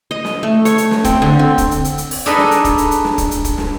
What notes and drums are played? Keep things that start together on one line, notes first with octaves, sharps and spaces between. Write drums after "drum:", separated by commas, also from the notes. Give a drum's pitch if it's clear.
D#5
drum: snare
A3
C#5, drum: hi-hat
drum: hi-hat
drum: snare
C4, drum: kick, hi-hat
D3
C4
drum: kick, hi-hat
drum: hi-hat
drum: hi-hat
drum: hi-hat
drum: open hi-hat
D4 D#4 G#4 A4 B4 D#5
drum: snare
drum: hi-hat
drum: kick, hi-hat
drum: hi-hat
drum: hi-hat
drum: snare
drum: kick, hi-hat
drum: hi-hat
drum: kick, hi-hat
drum: snare